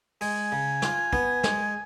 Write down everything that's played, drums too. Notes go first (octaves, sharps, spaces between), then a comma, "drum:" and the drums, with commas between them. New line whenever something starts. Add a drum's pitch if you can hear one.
G#3 G#5, drum: open hi-hat
C#3
F4, drum: snare
B3, drum: kick
G#3, drum: snare